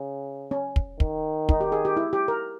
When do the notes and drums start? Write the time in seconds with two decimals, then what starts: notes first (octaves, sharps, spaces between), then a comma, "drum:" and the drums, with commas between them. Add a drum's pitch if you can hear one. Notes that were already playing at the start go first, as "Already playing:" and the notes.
Already playing: C#3
0.51 C#4
0.76 drum: kick
1.00 D#3, drum: kick
1.49 D#4, drum: kick
1.61 G4
1.72 G#4
1.85 G4
1.97 E4
2.13 G4
2.28 A#4